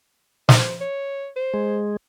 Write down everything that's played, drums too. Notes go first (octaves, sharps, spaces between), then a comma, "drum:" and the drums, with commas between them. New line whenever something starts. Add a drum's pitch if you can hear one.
C5, drum: snare
C#5
C5
G#3